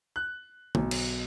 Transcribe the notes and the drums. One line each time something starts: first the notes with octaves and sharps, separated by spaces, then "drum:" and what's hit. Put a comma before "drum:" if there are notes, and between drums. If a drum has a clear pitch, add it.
F#6
B1, drum: tom D3
drum: cymbal